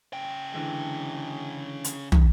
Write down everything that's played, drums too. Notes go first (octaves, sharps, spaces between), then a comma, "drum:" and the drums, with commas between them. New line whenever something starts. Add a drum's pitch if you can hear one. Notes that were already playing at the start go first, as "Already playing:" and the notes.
C#3 G5
D3 E3 G#3
drum: hi-hat
drum: tom